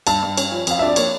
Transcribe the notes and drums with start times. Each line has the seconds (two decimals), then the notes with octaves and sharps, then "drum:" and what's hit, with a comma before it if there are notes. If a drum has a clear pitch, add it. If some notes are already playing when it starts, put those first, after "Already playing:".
0.07 G2 A5, drum: cymbal
0.23 G2
0.37 C#4, drum: cymbal
0.52 F3
0.67 F2 F5, drum: cymbal
0.79 D4 E5
0.88 D5
0.96 A#3 C#5, drum: cymbal